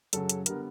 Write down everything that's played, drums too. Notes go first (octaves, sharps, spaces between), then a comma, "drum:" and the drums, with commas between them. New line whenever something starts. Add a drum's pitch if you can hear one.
F#2 C#3 F#3 A4, drum: hi-hat
drum: hi-hat
D3 G3 B3 A#4, drum: hi-hat